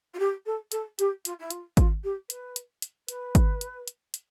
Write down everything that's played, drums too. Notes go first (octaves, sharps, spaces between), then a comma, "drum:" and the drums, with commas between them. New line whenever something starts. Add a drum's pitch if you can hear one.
F4
G4
A4
A4, drum: hi-hat
G4, drum: hi-hat
F4, drum: hi-hat
E4
F4, drum: hi-hat
F4, drum: kick G#1, hi-hat
G4
B4, drum: hi-hat
drum: hi-hat
drum: hi-hat
B4, drum: hi-hat
drum: kick G#1, hi-hat
drum: hi-hat
drum: hi-hat
drum: hi-hat